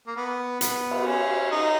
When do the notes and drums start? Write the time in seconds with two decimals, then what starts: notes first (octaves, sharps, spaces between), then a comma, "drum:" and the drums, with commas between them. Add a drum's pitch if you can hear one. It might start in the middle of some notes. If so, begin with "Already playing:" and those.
0.07 A#3
0.16 B3
0.61 B3, drum: hi-hat
0.91 drum: cymbal
1.06 C#4
1.51 D#4